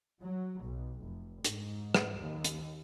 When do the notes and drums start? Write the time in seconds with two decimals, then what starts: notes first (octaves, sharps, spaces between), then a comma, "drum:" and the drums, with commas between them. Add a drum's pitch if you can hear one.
0.22 F#3
0.64 B1
1.02 F1
1.44 G#2, drum: hi-hat
1.94 drum: rim click
2.17 D#2
2.44 drum: hi-hat